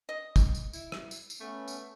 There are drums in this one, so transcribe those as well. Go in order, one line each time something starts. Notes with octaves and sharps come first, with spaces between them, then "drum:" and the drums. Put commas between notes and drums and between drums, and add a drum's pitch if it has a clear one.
D#5
drum: kick, tambourine
drum: tambourine
E4, drum: tambourine
drum: rim click
drum: tambourine
drum: tambourine
A3 B3 C#4
drum: tambourine